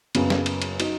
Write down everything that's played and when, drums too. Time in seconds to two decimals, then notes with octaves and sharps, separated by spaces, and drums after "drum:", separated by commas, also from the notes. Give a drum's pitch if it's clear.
0.15 F#1 F#2 C#3 B3, drum: cymbal
0.30 drum: snare
0.46 drum: cymbal
0.62 drum: cymbal
0.80 F#3 D#4, drum: cymbal